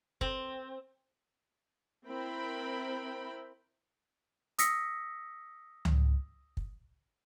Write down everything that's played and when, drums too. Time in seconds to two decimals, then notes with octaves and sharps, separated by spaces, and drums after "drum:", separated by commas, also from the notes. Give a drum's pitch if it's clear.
0.21 C4, drum: kick
2.06 C4 E4 A#4 G5 B5
4.59 D#6 E6 A#6 B6 C#7, drum: hi-hat
5.85 drum: tom C#2
6.57 drum: kick